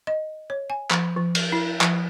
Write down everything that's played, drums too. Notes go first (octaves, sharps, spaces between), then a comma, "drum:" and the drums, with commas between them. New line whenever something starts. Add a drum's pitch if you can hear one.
D#5
C#5
G#5
F3, drum: clap
F3
drum: cymbal
E4
F3, drum: clap